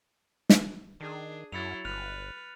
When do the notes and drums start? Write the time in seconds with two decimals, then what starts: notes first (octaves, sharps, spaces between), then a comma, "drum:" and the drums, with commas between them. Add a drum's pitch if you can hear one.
0.50 drum: snare
1.01 D#3 D4 G#4
1.52 F#2 F#3 E4 A6 C#7 F7
1.85 G1 B4 F6 F#6 F7